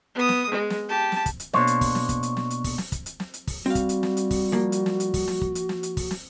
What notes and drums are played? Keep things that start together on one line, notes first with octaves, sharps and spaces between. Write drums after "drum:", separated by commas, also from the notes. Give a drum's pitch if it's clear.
B3 D#6
drum: snare
G#3
drum: snare
G4 A5
drum: snare
drum: kick, hi-hat
drum: hi-hat
B2 A#3 D4 C5 C#5, drum: snare
drum: hi-hat
drum: kick, open hi-hat
drum: snare
drum: kick, hi-hat
drum: hi-hat
drum: snare
drum: hi-hat
drum: kick, open hi-hat
drum: snare
drum: kick, hi-hat
drum: hi-hat
drum: snare
drum: hi-hat
drum: kick, open hi-hat
G3 C4 F#4 F5
drum: kick, hi-hat
drum: hi-hat
drum: snare
drum: hi-hat
drum: kick, open hi-hat
F3 A#3
drum: hi-hat
drum: snare
drum: hi-hat
drum: kick, open hi-hat
drum: snare
drum: kick
drum: hi-hat
drum: snare
drum: hi-hat
drum: kick, open hi-hat
drum: snare